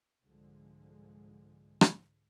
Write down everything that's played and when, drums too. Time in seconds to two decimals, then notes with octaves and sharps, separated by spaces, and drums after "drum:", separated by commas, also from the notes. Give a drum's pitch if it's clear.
0.23 C2 G#2 D3 F3 G#3
1.81 drum: rim click